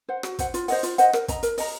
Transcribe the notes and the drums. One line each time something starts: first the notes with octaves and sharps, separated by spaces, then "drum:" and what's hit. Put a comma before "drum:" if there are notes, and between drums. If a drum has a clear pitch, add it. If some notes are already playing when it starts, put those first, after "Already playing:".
C5 F#5
F#4, drum: rim click
C5 F#5, drum: kick, hi-hat
F4, drum: hi-hat
C5 D#5 F#5, drum: open hi-hat
F4, drum: hi-hat
C5 D#5 F#5, drum: hi-hat
A#4, drum: rim click
D#5 A#5, drum: kick, hi-hat
A#4, drum: hi-hat
D#5 A#5, drum: open hi-hat